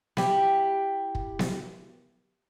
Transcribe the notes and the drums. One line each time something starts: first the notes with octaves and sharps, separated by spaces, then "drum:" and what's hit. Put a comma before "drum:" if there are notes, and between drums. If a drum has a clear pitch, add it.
E4 G4, drum: snare B3
drum: kick
drum: snare B3